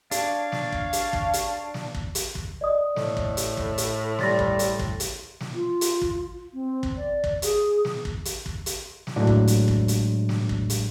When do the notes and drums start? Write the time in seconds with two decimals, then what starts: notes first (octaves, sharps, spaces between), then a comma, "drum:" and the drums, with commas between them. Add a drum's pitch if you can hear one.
0.11 D4 C#5 F5, drum: hi-hat
0.52 drum: snare
0.72 drum: kick
0.93 drum: hi-hat
1.13 drum: kick
1.33 drum: hi-hat
1.74 drum: snare
1.95 drum: kick
2.15 drum: hi-hat
2.35 drum: kick
2.61 D5 D#5 D#6
2.96 A2, drum: snare
3.17 drum: kick
3.37 drum: hi-hat
3.57 drum: kick
3.78 drum: hi-hat
4.19 G3 C6 A6 A#6, drum: snare
4.39 drum: kick
4.59 drum: hi-hat
4.79 drum: kick
5.00 drum: hi-hat
5.40 drum: snare
5.54 F4
5.81 drum: hi-hat
6.02 drum: kick
6.54 C4
6.83 drum: kick
6.96 D5
7.24 drum: kick
7.42 G#4, drum: hi-hat
7.85 drum: snare
8.05 drum: kick
8.25 drum: hi-hat
8.46 drum: kick
8.66 drum: hi-hat
9.07 drum: snare
9.16 A2 F#3 G#3 D4
9.27 drum: kick
9.47 drum: hi-hat
9.68 drum: kick
9.88 drum: hi-hat
10.29 drum: snare
10.49 drum: kick
10.70 drum: hi-hat